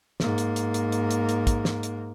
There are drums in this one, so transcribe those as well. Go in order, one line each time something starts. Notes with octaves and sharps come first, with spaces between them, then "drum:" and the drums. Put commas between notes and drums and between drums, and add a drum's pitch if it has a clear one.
G#2 A#3, drum: snare
drum: hi-hat
drum: hi-hat
drum: hi-hat
drum: hi-hat
drum: hi-hat
drum: hi-hat
drum: kick, hi-hat
drum: snare
drum: hi-hat